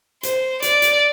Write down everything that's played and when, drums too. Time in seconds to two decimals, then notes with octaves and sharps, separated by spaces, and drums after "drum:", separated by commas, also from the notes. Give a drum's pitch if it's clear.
0.23 C5, drum: hi-hat
0.62 D5, drum: hi-hat
0.82 drum: hi-hat